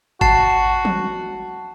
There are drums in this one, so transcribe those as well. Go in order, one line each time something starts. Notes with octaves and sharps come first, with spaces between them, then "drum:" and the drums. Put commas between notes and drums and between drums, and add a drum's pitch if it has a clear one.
F#4 A5 C7, drum: kick G#1
drum: tom